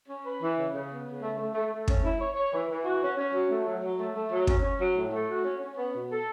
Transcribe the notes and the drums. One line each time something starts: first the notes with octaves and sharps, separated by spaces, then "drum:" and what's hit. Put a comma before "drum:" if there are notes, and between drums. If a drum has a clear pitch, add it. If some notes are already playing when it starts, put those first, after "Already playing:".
C#4
B4
E3
C#3
C#3
B3
C#3
A3
A3
A3
A3
C#4, drum: kick
E4
C#5
C#5
E3
E3
F#4
C#4
C#4
F#3
A3
F#3
F#3
A3
A3
F#3
C#4, drum: kick
C#4
F#3
A2
A3
F#4
C#4
C#4
B3
B2
A4